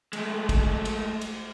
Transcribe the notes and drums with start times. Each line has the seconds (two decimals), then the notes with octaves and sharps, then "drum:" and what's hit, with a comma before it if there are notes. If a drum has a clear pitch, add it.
0.13 G#3 A3, drum: cymbal
0.49 drum: kick, cymbal
0.85 drum: cymbal
1.21 drum: cymbal